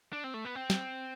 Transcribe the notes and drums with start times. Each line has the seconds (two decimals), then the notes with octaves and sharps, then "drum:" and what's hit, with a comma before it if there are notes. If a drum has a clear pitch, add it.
0.13 D4
0.24 C4
0.34 A3
0.45 B3
0.55 C4
0.70 drum: snare